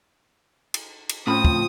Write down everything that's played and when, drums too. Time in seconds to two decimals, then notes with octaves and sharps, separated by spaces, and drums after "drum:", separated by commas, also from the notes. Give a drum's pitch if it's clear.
0.74 drum: cymbal
1.09 drum: cymbal
1.27 A2 F3 C4 C#4 B5 D#6
1.45 drum: kick